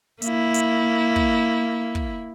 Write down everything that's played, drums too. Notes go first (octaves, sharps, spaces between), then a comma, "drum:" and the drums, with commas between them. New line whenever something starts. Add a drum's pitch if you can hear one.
A#3 E4, drum: hi-hat
drum: hi-hat
drum: kick
drum: kick